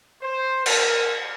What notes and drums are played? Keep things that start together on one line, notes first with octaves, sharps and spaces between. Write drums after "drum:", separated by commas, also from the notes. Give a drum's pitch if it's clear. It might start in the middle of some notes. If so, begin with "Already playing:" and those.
C5
A#4, drum: cymbal